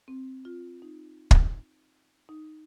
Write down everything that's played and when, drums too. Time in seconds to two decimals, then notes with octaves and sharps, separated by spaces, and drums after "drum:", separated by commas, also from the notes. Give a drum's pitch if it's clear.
0.08 C4
0.45 F4
0.82 D#4
1.31 drum: kick
2.29 D#4